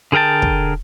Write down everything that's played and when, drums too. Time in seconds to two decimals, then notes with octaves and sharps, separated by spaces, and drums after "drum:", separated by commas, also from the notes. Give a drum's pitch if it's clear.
0.12 D3 G#4 A#4 G5 A5
0.42 drum: kick